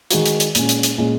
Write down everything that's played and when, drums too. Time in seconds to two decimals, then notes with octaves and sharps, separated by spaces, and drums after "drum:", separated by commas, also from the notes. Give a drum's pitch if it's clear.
0.11 D#3 G#3 D#4 F#4, drum: hi-hat
0.26 drum: hi-hat
0.40 drum: hi-hat
0.55 A#2 G#3 C#4, drum: hi-hat
0.69 drum: hi-hat
0.83 drum: hi-hat
0.98 A#2 G#3 C#4